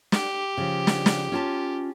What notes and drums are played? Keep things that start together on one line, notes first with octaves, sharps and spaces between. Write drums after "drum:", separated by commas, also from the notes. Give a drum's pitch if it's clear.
G4, drum: snare
C#3 F3
drum: snare
drum: snare
C#4 F4 A5